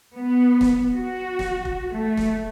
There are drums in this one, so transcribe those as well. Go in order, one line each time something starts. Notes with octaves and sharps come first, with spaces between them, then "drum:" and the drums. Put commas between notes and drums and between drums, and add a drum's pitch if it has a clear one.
B3
drum: snare
F#4
drum: snare
drum: kick F1
A3
drum: snare